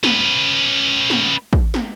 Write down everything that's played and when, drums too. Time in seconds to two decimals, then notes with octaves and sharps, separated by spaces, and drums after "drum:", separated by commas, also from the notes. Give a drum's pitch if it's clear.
0.04 C#4 B4, drum: snare
1.10 drum: snare
1.53 drum: kick
1.74 drum: snare